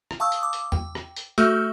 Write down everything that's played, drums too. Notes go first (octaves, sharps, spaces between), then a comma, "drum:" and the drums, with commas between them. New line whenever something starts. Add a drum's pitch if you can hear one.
drum: rim click
F5 A5 C#6 D#6 E6
drum: hi-hat
D6
drum: hi-hat
G5, drum: tom E2
drum: rim click
drum: hi-hat
A3 F#4 A4 E5 E6 F6, drum: hi-hat